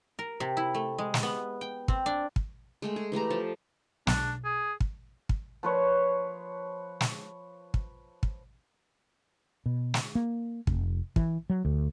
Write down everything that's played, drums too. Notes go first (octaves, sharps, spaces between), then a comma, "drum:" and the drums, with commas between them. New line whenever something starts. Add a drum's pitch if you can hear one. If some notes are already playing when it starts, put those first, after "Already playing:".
A#4
C3
E4
A3
G#3
drum: snare
B3
G5
C4, drum: kick
D4
drum: kick
G#3 A3 G5
G#4
E3 A3 G4 A#5
F3 A5
B1 D4, drum: snare
G#4
drum: kick
drum: kick
F3 B4 C#5
drum: snare
drum: kick
drum: kick
B2
drum: snare
A#3
F1, drum: kick
E3, drum: kick
F#3
D2